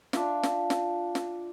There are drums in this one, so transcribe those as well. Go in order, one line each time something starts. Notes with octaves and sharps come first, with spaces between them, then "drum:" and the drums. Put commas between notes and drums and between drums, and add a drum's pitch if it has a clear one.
D4 F4 E5, drum: snare
drum: snare
drum: snare
drum: snare